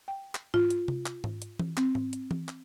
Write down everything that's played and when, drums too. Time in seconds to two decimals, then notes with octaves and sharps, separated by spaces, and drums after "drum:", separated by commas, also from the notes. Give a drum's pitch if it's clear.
0.08 G5
0.35 drum: clap
0.54 F4, drum: tom G#2
0.70 drum: hi-hat
0.88 drum: tom C3
1.06 drum: clap
1.24 drum: tom G#2
1.42 drum: hi-hat
1.59 drum: tom E3
1.77 C4, drum: clap
1.95 drum: tom G#2
2.13 drum: hi-hat
2.31 drum: tom E3
2.49 drum: clap